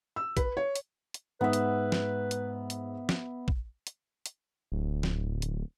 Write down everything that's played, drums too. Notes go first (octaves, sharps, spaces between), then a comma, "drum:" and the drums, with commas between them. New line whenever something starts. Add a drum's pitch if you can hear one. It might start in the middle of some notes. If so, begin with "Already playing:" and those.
E6
B4, drum: kick, hi-hat
C#5
drum: hi-hat
drum: hi-hat
G#2 B3 B4 E5
drum: hi-hat
drum: snare
drum: hi-hat
drum: hi-hat
drum: snare
drum: kick
drum: hi-hat
drum: hi-hat
D1
drum: snare
drum: hi-hat